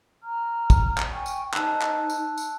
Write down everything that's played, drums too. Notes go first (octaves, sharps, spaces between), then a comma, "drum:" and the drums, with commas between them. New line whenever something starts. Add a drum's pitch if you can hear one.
A#5 F6
drum: kick, tambourine
drum: clap
G5 G#5 C#6
drum: tambourine
D#4 C5 A5 E6 F#6, drum: clap
drum: clap
drum: tambourine
drum: tambourine